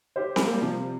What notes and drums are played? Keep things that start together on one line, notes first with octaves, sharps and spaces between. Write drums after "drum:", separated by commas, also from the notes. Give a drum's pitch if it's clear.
G4 C5
C4, drum: snare C4
A#3
G3
C3 F3